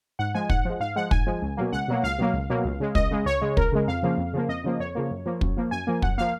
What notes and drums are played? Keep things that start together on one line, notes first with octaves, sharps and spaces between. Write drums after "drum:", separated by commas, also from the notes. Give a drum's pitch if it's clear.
G#2 F#5
F3 G#3 G#5
G#2 F#5, drum: kick
F3 G#3
G#2 F5
F3 G#3 F#5
G#2 G#5, drum: kick
F3 G#3
C#2
B2 F#3 A#3
C#2 F#5
B2 F#3 A#3
C#2 F5
B2 F#3 A#3
C#2
B2 F#3 A#3
C#2
C#3 G#3
C#2 D#5, drum: kick
C#3 G#3
C#2 C#5
C#3 G#3
C#2 A#4, drum: kick
C#3 G#3
F2 F5
C#3 F3 A#3
F2
C#3 F3 A#3
F2 D#5
C#3 F3 A#3
F2 C#5
C#3 F3 A#3
F#2
F3 A#3
F#2, drum: kick
F3 A#3
F#2 G#5
F3 A#3
F#2 F#5, drum: kick
F3 A#3 F5